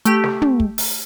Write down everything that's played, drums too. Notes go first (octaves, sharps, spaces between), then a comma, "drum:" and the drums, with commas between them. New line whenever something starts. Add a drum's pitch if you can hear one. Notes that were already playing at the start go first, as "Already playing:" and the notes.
A3 G4, drum: hi-hat
drum: snare
drum: tom
drum: kick
drum: open hi-hat